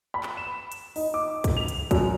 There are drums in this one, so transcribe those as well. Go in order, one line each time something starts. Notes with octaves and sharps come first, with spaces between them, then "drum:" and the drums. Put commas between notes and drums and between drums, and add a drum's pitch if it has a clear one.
B5
drum: clap
E7
drum: hi-hat
D#4, drum: open hi-hat
D6
drum: kick, hi-hat
F7
drum: hi-hat
F#2, drum: kick, hi-hat